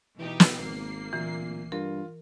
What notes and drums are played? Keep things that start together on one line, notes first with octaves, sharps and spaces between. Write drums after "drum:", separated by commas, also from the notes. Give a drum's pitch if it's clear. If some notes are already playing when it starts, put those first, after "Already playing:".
B2 E3 D#4 G4
drum: snare
G#1 A#3 C7
D1 A#2 E3
G2 F4 A#4